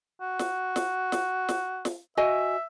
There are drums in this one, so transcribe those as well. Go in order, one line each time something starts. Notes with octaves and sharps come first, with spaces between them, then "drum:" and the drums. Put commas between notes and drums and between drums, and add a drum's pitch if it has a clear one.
F#4
drum: snare
drum: snare
drum: snare
drum: snare
drum: snare
F#4 D#5 E5 G#5